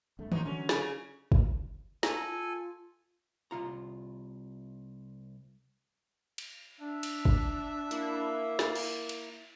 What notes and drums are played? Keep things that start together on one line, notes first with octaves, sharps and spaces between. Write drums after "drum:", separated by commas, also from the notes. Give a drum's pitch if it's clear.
G#1 G2 A3
F3 F#3 D#4, drum: tom D#3
D3 F#3 C#4
C#3 G#4, drum: snare
drum: kick
A4 G#5, drum: snare
F4
C2 F4 A#5
drum: cymbal
D4 E5
drum: cymbal
drum: kick
A#3 E4, drum: hi-hat
drum: snare
drum: cymbal
drum: cymbal